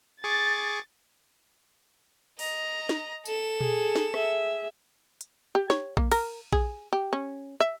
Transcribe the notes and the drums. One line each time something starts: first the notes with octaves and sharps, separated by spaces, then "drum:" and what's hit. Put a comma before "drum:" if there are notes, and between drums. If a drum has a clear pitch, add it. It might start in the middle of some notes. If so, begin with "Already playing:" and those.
G#4 C#6 D6 A6
D#5 A#5, drum: open hi-hat
drum: snare
A4 E7, drum: tambourine
G#4, drum: tom A#2
drum: snare
G#4 E5, drum: rim click
drum: hi-hat
G4
C#5, drum: snare
A#3, drum: kick A#1
A#4, drum: cymbal
G#4, drum: kick A#1
G4
C#4
E5